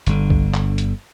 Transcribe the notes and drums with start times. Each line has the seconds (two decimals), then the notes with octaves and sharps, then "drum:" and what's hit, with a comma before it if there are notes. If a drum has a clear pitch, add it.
0.07 G1 D3, drum: hi-hat
0.30 drum: kick B1
0.54 drum: clap
0.78 drum: hi-hat